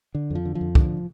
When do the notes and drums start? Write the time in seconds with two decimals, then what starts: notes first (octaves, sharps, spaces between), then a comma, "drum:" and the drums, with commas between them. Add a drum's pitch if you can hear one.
0.15 D3
0.30 F2 F3
0.45 D3
0.55 F3
0.61 F2
0.75 D3, drum: kick